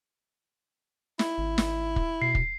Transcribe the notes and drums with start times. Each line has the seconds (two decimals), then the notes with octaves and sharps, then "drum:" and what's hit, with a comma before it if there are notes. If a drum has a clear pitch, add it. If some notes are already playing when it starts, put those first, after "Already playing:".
1.19 E4, drum: snare
1.38 G#1
1.58 drum: snare
1.96 drum: kick
2.22 B2 C7
2.35 drum: kick